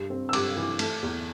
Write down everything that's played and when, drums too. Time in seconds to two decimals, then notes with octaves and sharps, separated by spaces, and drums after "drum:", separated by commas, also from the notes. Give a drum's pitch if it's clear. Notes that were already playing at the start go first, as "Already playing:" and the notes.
Already playing: G2 E6
0.10 C4
0.29 E6
0.33 G2 D6, drum: cymbal
0.56 E3
0.79 A3, drum: cymbal
1.02 E2